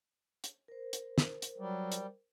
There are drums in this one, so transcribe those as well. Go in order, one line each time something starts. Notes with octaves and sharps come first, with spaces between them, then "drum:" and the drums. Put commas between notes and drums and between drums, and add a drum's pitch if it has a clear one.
drum: hi-hat
A#4 C5
drum: hi-hat
drum: snare
drum: hi-hat
F#3 G3
drum: hi-hat